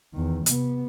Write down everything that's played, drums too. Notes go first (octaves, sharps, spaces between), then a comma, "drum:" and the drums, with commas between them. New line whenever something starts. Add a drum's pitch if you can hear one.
E2 D#3
C3 B3, drum: hi-hat